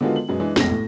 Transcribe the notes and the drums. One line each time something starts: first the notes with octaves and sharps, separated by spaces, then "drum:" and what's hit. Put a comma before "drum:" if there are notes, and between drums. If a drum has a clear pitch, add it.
D3 D#3 G#3 B3 F4 F#4
F#7
F#2 B2 G#3 B3
E3 G#3 D4
F1 B1 E2 G#3 A#6, drum: snare
A2